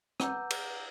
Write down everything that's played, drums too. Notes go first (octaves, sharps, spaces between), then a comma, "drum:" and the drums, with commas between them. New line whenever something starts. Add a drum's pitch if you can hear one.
B4 F#5 A#5 D6 E6 G6, drum: rim click
drum: cymbal